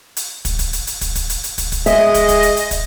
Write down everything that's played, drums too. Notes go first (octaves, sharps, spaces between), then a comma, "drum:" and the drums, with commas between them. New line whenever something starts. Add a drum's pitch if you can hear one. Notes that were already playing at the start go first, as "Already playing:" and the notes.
drum: hi-hat
drum: kick, hi-hat
drum: kick, hi-hat
drum: hi-hat
drum: hi-hat
drum: kick, hi-hat
drum: kick, hi-hat
drum: hi-hat
drum: hi-hat
drum: kick, hi-hat
drum: kick, hi-hat
G#3 G#4 D#5 E5, drum: hi-hat
drum: kick, hi-hat
drum: kick, hi-hat
drum: hi-hat
drum: hi-hat
drum: kick, hi-hat